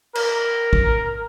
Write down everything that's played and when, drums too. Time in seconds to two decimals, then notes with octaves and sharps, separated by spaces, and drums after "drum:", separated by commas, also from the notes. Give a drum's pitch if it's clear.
0.15 A#4, drum: cymbal
0.73 drum: kick